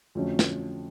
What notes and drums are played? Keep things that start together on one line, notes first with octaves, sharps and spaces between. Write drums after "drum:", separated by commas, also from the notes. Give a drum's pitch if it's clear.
F2 D3 F#3 A3 C#4
drum: snare